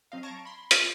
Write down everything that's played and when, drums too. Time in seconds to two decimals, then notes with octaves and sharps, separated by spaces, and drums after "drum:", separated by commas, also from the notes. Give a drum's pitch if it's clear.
0.12 F#3 C4 D#5 F5
0.23 A5 A#5 C#6 G#6 A#6 D7
0.45 B5 C6
0.71 F4, drum: hi-hat